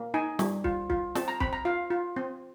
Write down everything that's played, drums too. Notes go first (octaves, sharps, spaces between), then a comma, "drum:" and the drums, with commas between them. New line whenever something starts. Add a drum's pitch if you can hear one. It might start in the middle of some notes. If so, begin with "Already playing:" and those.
Already playing: A#3
D#4 G#5
G3, drum: snare
F4, drum: kick
F4, drum: kick
C4 A5, drum: snare
A#5
C4 B5, drum: kick
A#5
F4 F5
F4
C4